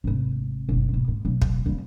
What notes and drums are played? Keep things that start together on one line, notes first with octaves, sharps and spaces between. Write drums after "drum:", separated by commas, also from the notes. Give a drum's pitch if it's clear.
G#1 C3
F#1 B1
G#2 B2
G#2
B1
drum: kick
F2 G3